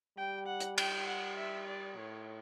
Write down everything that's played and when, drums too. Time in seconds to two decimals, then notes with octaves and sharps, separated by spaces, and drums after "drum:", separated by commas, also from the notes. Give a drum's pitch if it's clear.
0.17 G3 G5
0.46 F#5
0.60 drum: hi-hat
0.78 G5, drum: cymbal
1.07 F#5
1.37 E5
1.67 D5
1.97 A2 C#5